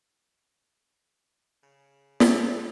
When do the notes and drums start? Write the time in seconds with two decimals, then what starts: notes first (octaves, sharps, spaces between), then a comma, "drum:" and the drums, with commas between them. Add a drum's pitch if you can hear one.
1.63 C#3
2.20 drum: snare
2.41 D3 F#3 D4 G4 G5